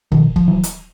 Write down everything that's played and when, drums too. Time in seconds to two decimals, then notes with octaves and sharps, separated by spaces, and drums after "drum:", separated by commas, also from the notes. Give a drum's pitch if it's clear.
0.12 B2 D#3 F3, drum: kick
0.36 F3, drum: kick
0.48 E3 F#3
0.63 drum: hi-hat